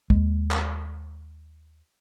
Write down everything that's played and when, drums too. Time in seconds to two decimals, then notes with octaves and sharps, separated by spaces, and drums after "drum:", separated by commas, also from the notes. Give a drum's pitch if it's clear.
0.10 D#2 G#3, drum: kick
0.51 drum: clap